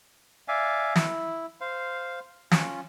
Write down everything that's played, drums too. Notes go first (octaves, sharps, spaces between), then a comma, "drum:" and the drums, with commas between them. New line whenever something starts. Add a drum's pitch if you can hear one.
D5 E5 F5 G#5
E4, drum: snare
C5 F5
C#4 F4, drum: snare